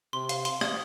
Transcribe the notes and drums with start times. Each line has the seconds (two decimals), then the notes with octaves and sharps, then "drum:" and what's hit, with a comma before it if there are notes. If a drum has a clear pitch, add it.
0.13 C3 C6
0.29 F5, drum: hi-hat
0.45 C6, drum: hi-hat
0.61 D#6, drum: rim click